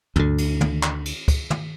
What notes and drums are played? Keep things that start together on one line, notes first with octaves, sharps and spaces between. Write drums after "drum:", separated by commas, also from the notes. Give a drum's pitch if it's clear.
D2 D3, drum: tom
drum: cymbal
drum: tom
drum: clap
drum: cymbal
drum: kick, cymbal
drum: tom